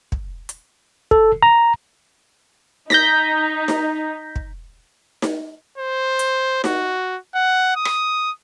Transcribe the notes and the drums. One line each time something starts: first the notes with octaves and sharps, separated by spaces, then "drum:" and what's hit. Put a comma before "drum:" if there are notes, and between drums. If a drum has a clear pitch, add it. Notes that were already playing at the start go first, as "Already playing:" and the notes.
drum: kick
drum: hi-hat
A4, drum: kick
A#5
D#4 G6 A#6 B6, drum: snare D#4
drum: snare D#4
drum: kick
drum: snare D#4
C5
drum: hi-hat
F#4, drum: snare D#4
F#5
D#6
drum: rim click